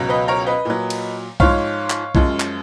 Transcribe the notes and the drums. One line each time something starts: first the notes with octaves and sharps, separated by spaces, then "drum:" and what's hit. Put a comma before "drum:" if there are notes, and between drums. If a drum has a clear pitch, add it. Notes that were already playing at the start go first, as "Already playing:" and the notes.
Already playing: C#2 B2 F#3
B4 D#5
A#4 C#5
B4 D#5
A#2 F#3
drum: cymbal
G#2 F3 G#3 C#5 F5, drum: kick B1
drum: clap
F#2 F3 G#3, drum: kick B1
drum: clap